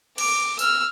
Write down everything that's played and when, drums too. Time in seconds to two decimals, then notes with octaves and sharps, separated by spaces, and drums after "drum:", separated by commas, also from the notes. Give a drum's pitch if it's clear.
0.18 D6, drum: cymbal
0.59 E6 F6, drum: tambourine